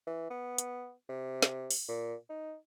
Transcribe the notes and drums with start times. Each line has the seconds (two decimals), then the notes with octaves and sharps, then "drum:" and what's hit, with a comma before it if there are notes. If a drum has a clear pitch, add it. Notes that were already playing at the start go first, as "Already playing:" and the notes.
0.07 E3
0.30 B3
0.58 drum: hi-hat
1.09 C3
1.42 drum: snare
1.71 drum: open hi-hat
1.89 A#2
2.30 D#4